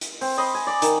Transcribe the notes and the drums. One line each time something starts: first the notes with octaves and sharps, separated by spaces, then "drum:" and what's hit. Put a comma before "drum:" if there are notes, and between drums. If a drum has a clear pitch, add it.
drum: hi-hat
C4, drum: open hi-hat
D#5 B5 C6
G#5
D5 D6
D#3, drum: hi-hat